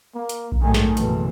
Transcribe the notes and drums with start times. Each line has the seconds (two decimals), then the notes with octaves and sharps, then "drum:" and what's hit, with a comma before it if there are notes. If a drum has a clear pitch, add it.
0.15 A#3
0.29 drum: hi-hat
0.52 drum: kick A#1
0.63 G#1 F#2 D#3 A3 G#5
0.74 drum: snare
0.97 F#1 B2 E3 A4, drum: hi-hat